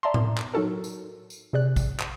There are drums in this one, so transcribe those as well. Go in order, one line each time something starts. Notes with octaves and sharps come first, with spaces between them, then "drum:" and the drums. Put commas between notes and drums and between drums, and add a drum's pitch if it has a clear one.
D5 E5 A5 A#5 C6
drum: tom A2
drum: clap
F#3 D#4 F#4 A4 A#4
drum: tambourine
drum: tambourine
C3 G#4 D5 F#6
drum: kick, tambourine
drum: clap